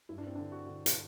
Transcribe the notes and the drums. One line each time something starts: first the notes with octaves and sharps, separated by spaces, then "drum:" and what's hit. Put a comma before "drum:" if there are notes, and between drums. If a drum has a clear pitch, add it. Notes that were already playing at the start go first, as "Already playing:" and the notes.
G2 E4
D4
C4
D3 D4
F#4
D3
drum: hi-hat